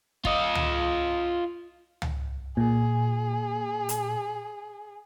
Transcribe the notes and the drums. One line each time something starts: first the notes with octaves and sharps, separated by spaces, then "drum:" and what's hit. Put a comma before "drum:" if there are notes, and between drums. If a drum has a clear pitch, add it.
F4 D#5, drum: kick
drum: tom C#2
drum: tom C#2
A#2 G#4
drum: hi-hat